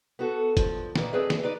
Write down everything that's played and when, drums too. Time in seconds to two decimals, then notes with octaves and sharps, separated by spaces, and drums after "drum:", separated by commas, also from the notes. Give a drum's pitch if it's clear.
0.19 B3 F#4 A4
0.57 G2 F3, drum: kick, hi-hat
0.95 A#2 D#3 A#3 B4, drum: snare
1.12 F2 C4 G#4 B4 D5 E5
1.30 drum: snare
1.43 D#4 B4 D5